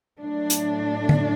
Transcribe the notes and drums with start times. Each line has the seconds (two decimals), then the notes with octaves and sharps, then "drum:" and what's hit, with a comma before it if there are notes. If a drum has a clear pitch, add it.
0.20 A2 F#3 A3 D4
0.50 drum: hi-hat
1.09 drum: tom